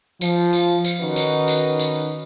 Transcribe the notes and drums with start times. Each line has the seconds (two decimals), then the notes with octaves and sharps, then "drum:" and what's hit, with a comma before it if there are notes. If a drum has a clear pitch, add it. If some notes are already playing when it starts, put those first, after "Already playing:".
0.21 F3, drum: tambourine
0.53 drum: tambourine
0.85 drum: tambourine
1.01 D#3 C#4 D#4 F#4 B4
1.16 drum: tambourine
1.48 drum: tambourine
1.79 drum: tambourine